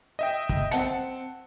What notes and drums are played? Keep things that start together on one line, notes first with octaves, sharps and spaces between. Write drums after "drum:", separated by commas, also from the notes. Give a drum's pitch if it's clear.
D#5 E5 G5
drum: kick
C4 F#5 A5 C#7, drum: hi-hat